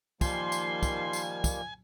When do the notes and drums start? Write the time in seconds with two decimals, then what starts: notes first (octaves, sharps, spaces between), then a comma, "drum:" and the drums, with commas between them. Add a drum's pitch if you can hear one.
0.21 D#3 F3 G3 A#3 G#5 C6, drum: kick, tambourine
0.52 drum: tambourine
0.83 drum: kick, tambourine
1.13 drum: tambourine
1.44 drum: kick, tambourine